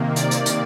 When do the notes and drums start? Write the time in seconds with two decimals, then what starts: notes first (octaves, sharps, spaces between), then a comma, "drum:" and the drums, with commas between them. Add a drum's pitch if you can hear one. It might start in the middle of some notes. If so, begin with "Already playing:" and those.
Already playing: C3 D#3 A#3
0.16 D5, drum: hi-hat
0.31 drum: hi-hat
0.46 drum: hi-hat